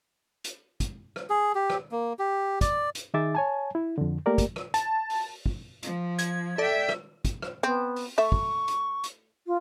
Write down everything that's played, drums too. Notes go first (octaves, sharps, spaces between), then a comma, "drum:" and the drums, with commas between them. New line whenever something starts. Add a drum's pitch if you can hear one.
drum: hi-hat
drum: kick, hi-hat
drum: rim click
G#4
G4
drum: rim click
A#3
G4
D5, drum: kick, hi-hat
drum: hi-hat
D#3 D#4 G#4 E5 D6 A6
C#5 G#5 A5
E4
F2 D3
A3 A#3 G4 A#4 D5
drum: kick, hi-hat
drum: rim click
A5, drum: hi-hat
drum: open hi-hat
drum: kick
F3, drum: hi-hat
G#6, drum: hi-hat
A4 D5 E5 G5
drum: rim click
drum: kick, hi-hat
drum: rim click
B3 C4
drum: open hi-hat
A3 E5 C#6
drum: kick
drum: hi-hat
drum: hi-hat
F4